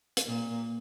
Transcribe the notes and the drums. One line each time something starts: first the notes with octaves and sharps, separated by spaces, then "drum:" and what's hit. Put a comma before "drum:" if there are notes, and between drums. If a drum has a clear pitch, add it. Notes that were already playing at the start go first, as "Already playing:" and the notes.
drum: hi-hat
A#2